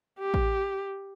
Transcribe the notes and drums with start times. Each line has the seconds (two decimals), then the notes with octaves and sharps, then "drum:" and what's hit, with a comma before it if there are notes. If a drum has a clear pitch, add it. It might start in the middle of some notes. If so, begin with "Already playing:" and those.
0.19 G4
0.34 drum: kick A1